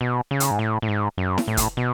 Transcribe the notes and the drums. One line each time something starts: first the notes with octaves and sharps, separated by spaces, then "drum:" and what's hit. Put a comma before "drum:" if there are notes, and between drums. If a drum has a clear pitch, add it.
B2
C#3
drum: hi-hat
G#2
A2
A2
G#2
F#2
drum: snare E4
A2
drum: kick, hi-hat
B2